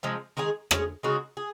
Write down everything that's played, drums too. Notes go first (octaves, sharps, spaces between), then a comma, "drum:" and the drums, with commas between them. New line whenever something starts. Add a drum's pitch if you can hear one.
C3 F3 G#3
D#3 G#3 D#4 G#4
G#3 C#4 G#4, drum: rim click
C#3 G#3 D#4 F#4
G#4